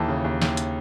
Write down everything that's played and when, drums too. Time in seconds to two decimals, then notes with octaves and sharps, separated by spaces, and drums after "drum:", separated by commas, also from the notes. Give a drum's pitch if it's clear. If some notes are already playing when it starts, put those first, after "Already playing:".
Already playing: D#2 E3 A4 A5
0.08 C#3
0.25 D#2
0.42 D#2, drum: snare
0.57 drum: hi-hat